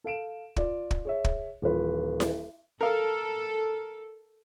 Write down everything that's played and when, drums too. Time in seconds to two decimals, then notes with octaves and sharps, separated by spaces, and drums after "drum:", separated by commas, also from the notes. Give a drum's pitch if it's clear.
0.04 A4 F5 D7 E7
0.56 F4 D5, drum: kick
0.91 drum: kick
1.05 G#4 C#5 E5
1.24 drum: kick
1.62 D#1 E3 F4 B4
2.20 drum: snare E4
2.81 A4 A#4 F5